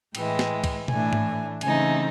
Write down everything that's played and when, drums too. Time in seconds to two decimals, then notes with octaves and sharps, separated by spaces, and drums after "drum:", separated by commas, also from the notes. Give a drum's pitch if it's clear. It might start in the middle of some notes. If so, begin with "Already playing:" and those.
0.15 A2 E3 G#3 G5, drum: cymbal
0.39 drum: snare
0.64 drum: kick, cymbal
0.88 A2 E3 A3 D4 G#5, drum: tom B2
1.13 drum: tom G#2
1.61 C#3 E3 A3 C4 D#4 G#5, drum: cymbal